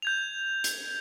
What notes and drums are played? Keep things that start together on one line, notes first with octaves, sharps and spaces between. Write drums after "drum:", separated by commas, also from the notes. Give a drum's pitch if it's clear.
G6 G#6 F7
drum: hi-hat